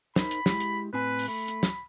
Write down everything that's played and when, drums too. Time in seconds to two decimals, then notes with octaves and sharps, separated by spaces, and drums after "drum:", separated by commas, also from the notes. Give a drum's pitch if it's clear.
0.16 D#4 A#4 C5 B5, drum: snare
0.31 drum: hi-hat
0.46 G#3 E4 G4, drum: snare
0.60 drum: hi-hat
0.93 A2 C4 B4 G#5
1.19 drum: open hi-hat
1.28 A3 B5
1.48 drum: hi-hat
1.63 drum: snare